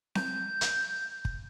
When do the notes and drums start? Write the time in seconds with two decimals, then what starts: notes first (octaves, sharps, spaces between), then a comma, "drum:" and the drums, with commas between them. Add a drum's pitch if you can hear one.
0.15 G6, drum: snare C4
0.61 drum: hi-hat
1.25 drum: kick